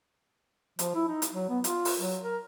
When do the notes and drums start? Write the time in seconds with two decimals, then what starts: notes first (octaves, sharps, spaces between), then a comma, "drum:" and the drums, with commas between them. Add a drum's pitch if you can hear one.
0.79 F3, drum: hi-hat
0.95 E4
1.08 D#4
1.22 drum: hi-hat
1.33 F#3
1.50 B3
1.64 F4, drum: hi-hat
1.85 drum: open hi-hat
1.98 F#3
2.23 A#4